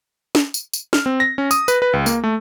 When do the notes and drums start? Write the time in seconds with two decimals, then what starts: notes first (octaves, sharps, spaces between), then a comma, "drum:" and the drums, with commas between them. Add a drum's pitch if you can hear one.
0.35 drum: snare
0.54 drum: tambourine
0.73 drum: tambourine
0.93 F6, drum: snare
1.06 C4
1.20 A#6
1.38 C#4
1.51 D#6, drum: tambourine
1.68 B4, drum: tambourine
1.82 B4
1.93 C#2
2.06 A#3, drum: tambourine
2.24 A3